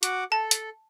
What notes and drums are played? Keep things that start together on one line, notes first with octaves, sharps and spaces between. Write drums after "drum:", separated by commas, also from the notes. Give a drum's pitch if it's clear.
F#4 F#5 D6, drum: hi-hat
A4 A5
drum: hi-hat